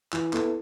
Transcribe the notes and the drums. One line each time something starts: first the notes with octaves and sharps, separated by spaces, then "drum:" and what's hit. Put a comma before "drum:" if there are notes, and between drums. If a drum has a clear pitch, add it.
E3, drum: clap
B3 E4 A4, drum: clap